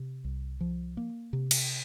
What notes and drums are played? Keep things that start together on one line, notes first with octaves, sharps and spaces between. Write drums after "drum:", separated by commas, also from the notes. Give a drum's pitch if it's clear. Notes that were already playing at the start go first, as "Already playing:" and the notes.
Already playing: C3
C2
F3
A#3
C3
drum: cymbal